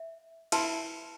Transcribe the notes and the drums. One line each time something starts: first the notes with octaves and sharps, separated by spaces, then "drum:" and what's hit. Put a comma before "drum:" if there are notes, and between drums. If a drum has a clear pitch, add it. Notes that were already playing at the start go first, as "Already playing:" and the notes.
Already playing: E5
E4 B4 E5 A5 C6, drum: cymbal